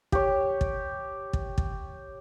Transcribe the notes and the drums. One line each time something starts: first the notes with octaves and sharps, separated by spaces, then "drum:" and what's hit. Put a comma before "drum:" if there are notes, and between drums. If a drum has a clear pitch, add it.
G4 C#5, drum: kick
drum: kick
drum: kick
drum: kick